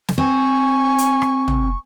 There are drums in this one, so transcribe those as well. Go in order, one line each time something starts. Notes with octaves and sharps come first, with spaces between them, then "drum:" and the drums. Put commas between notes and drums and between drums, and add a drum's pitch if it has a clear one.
drum: snare
C4 G#5 C#6
drum: hi-hat
drum: rim click
drum: tom